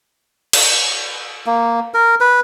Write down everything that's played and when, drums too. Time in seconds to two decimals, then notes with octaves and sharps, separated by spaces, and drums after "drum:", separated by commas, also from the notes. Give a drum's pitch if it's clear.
0.53 drum: cymbal
1.46 A#3
1.94 A#4
2.21 B4